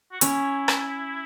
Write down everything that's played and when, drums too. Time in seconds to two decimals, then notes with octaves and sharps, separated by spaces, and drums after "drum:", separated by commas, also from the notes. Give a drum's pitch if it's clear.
0.12 F#4
0.21 C#4 E4, drum: hi-hat
0.68 drum: rim click